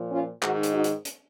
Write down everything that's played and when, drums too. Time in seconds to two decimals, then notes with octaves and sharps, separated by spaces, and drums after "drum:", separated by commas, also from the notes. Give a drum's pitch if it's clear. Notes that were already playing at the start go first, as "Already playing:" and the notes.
Already playing: A#2 F3
0.11 C#4 F4
0.42 G#2 D#3 D#4 F#4, drum: clap
0.63 drum: hi-hat
0.74 D#4 F#4
0.84 drum: hi-hat
1.05 drum: hi-hat